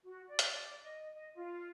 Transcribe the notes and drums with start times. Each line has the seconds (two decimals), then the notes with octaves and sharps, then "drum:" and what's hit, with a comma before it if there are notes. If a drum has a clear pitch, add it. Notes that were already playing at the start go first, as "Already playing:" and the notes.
0.04 F#4
0.28 D5
0.39 drum: hi-hat
0.83 D#5
1.14 D#5
1.34 F4